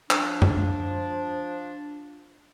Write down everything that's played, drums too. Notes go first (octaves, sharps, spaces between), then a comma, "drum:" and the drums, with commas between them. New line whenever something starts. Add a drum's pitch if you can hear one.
F3 D4, drum: clap
drum: tom F#2